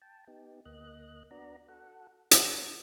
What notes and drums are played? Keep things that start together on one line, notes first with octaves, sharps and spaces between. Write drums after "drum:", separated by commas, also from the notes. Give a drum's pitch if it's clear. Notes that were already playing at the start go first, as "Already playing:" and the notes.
G5 A5
B3 D#4 G4
D2 A#3 D#5 F#6
B3 D4 F#4 D5 A#5
F#4 A4 F#5
F#4 B4 C#5 F#5 A#5 C#6, drum: hi-hat